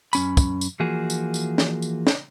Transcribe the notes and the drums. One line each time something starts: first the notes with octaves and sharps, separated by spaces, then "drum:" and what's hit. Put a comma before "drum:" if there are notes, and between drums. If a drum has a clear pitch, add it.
F#2 C#4 B5, drum: tambourine
drum: kick, tambourine
drum: tambourine
E3 F3 A#3 F#4 G#4
drum: tambourine
drum: tambourine
drum: snare
drum: tambourine
drum: snare